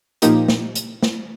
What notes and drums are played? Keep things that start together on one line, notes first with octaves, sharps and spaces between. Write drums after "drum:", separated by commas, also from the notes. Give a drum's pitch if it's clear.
A#2 F3 A#3 D#4 G4, drum: hi-hat
drum: snare
drum: hi-hat
drum: snare